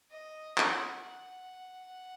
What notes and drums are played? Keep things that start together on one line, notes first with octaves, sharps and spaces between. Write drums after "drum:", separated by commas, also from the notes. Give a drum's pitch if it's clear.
D#5
F#5, drum: clap
F#5